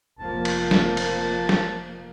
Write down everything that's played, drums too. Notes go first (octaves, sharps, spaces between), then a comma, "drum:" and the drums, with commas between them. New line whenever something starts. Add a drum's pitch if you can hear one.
F1 F3 A#3 A5
drum: cymbal
drum: snare
drum: cymbal
drum: snare